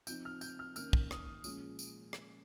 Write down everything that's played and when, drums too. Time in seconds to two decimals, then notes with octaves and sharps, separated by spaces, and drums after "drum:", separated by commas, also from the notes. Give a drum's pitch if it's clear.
0.07 C3 F3 C4 D#4 G6, drum: tambourine
0.25 F6
0.41 G6, drum: tambourine
0.59 F6
0.76 D#3 A#3 C#4 F6, drum: tambourine
0.93 drum: kick
1.11 D#6, drum: rim click
1.44 A#2 F3 G#3 C#4, drum: tambourine
1.79 drum: tambourine
2.13 drum: rim click